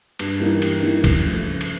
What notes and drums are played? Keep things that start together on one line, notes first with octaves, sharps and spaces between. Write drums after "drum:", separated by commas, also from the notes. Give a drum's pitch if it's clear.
G2, drum: cymbal
E3 G3 A#3 D#4
G2, drum: cymbal
E3 G3 A#3 D#4
C#3, drum: kick, cymbal
F3 A3
C#3
drum: cymbal